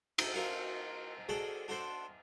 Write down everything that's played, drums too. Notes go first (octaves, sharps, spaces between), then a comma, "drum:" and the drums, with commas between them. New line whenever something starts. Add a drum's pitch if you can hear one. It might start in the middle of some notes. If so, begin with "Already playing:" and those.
D#4 D#5, drum: cymbal
F4 F#4 A#4 F5 F#5
F#4 G#4 A4 D5 D#5
D4 F#4 A4 C5 D5